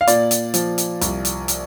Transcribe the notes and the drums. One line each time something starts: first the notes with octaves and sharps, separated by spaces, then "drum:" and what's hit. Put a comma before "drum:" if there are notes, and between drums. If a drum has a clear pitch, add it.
F5
A#2 D5, drum: hi-hat
drum: hi-hat
F3, drum: hi-hat
drum: hi-hat
C2, drum: hi-hat
drum: hi-hat
drum: hi-hat